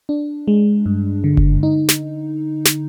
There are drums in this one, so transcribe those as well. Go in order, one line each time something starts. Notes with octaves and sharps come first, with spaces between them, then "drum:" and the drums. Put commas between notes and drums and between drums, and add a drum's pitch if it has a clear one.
D4
G#3
G2
D3
drum: kick F#1
D#4
drum: snare
drum: snare